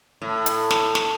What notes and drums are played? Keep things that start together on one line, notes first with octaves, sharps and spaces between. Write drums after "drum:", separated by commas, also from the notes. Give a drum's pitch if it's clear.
A2
drum: hi-hat
drum: snare
drum: snare